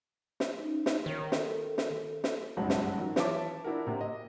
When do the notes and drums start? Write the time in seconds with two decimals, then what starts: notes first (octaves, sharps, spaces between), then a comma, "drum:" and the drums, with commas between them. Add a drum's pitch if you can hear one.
0.40 drum: snare
0.59 C#4 D#4
0.86 drum: snare
1.06 D#3 C#5
1.32 A4, drum: snare
1.78 drum: snare
2.24 drum: snare
2.57 F#1 B1 G2 F#3 G#3 F#5
2.70 drum: snare
2.98 D#3 F#3
3.16 E3 F4 C#5 E5 A5 D6, drum: snare
3.64 D4 E4 F#4 A#4
3.87 C3 A#3
4.01 D#5